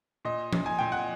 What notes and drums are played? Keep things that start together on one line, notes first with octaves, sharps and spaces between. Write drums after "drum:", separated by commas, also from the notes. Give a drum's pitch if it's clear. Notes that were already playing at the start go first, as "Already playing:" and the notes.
A#2 D#5
A#2, drum: tom F3
G#5
A#2 G5
F#5